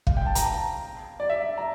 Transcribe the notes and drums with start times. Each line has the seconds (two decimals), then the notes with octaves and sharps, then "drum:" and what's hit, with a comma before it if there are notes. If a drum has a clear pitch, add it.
0.07 F5, drum: kick
0.17 G5
0.26 A5
0.35 A#5, drum: hi-hat
1.20 D5
1.30 E5
1.58 A#5